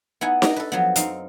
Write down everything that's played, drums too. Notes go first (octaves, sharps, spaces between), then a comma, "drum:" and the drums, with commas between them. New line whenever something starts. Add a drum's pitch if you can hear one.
B3 D#4 E4 F#5 G#5
D4 D#5 A#5, drum: snare D#4
A4 B4
F3 F#3 B3
F#2 C4 D#4 F5 C6, drum: hi-hat